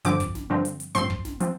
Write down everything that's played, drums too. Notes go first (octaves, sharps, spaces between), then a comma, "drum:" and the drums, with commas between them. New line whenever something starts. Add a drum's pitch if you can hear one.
G2 D3 F3 C4 D6, drum: hi-hat
drum: kick, hi-hat
drum: snare
G2 D3 F3 C4
drum: hi-hat
drum: hi-hat
A1 G2 F3 C4 C6, drum: hi-hat
drum: kick
drum: snare
F3 C4, drum: hi-hat